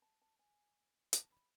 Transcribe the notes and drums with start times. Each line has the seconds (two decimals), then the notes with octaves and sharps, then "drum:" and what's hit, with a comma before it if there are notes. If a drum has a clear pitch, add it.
0.02 A5
0.22 A5
0.39 G#5
1.13 A5, drum: hi-hat
1.32 B5